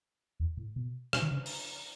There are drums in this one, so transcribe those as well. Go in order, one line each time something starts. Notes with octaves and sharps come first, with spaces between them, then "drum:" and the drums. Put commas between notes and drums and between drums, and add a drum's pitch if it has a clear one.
E2
A2
B2
B2, drum: rim click
D#3
C#3
drum: open hi-hat